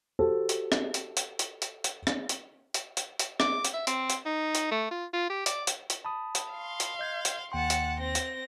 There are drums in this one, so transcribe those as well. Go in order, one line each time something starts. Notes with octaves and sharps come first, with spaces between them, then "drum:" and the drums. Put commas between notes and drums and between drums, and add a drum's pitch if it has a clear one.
F#4 G4 A4 C5
drum: hi-hat
drum: rim click
drum: hi-hat
drum: hi-hat
drum: hi-hat
drum: hi-hat
drum: hi-hat
drum: rim click
drum: hi-hat
drum: hi-hat
drum: hi-hat
drum: hi-hat
D6, drum: rim click
drum: hi-hat
E5
C4, drum: hi-hat
drum: hi-hat
D#4
drum: hi-hat
A3
F4
F4
G4
D5, drum: hi-hat
drum: hi-hat
drum: hi-hat
A5 B5 D#6
drum: hi-hat
F5 C6
drum: hi-hat
D#5 G6 G#6
drum: hi-hat
D#2 F#5 G5 A5 C6
drum: hi-hat
C4 A#6
drum: hi-hat